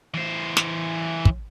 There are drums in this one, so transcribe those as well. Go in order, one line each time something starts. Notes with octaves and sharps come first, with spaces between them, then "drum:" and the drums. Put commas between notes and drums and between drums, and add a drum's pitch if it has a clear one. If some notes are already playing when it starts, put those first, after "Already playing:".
E3 C5
drum: snare
drum: kick